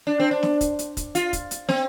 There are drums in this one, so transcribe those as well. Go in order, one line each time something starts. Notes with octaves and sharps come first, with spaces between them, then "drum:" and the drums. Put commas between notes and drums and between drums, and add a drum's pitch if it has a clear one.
D4
C4
D4
drum: snare
drum: kick, hi-hat
drum: hi-hat
drum: kick, hi-hat
F4, drum: hi-hat
drum: kick, hi-hat
drum: hi-hat
C4, drum: snare